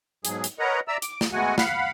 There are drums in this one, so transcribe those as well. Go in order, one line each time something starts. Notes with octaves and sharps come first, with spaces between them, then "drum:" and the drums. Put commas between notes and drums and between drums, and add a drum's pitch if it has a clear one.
G#2 B2 F#3 G#4, drum: hi-hat
drum: hi-hat
A#4 B4 C#5 D#5 F#5 A#5
D5 E5 A#5 E6
D6, drum: hi-hat
drum: snare
G#3 A3 B3 F#4 F#5 G#5
F5 F#5 B5, drum: snare